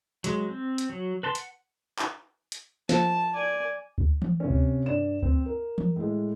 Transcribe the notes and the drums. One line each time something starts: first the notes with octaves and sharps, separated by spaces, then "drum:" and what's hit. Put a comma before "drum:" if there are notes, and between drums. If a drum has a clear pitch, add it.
F#3 G#3, drum: hi-hat
C4
drum: hi-hat
F#3
B4 A5 C6
F#5, drum: hi-hat
drum: clap
drum: hi-hat
F3 A5, drum: snare
D5 G#5
drum: kick D2
drum: tom E3
C3 C#4
drum: kick D2
G2 D5 E7
C4, drum: kick D2
A#4
drum: tom E3
A2 G#3